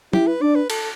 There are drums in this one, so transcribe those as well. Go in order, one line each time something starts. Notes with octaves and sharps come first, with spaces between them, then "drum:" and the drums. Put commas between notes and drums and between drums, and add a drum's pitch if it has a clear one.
E4 G4, drum: tom
B4
D4 D5
B4
A4, drum: cymbal